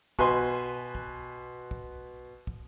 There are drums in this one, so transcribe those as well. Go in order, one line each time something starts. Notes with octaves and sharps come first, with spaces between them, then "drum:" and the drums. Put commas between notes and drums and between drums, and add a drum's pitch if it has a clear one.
B2 B4 G#5 C6, drum: kick
drum: kick
drum: kick
drum: kick